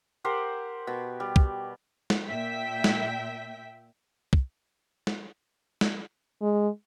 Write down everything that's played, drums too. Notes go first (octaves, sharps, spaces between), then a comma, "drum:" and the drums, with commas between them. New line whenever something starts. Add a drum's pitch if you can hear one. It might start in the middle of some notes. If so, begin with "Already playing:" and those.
G4 A#4 C5 F#5
B2
G3
drum: kick
drum: snare
A#2 E5 G5 B6
drum: snare
drum: kick
drum: snare
drum: snare
G#3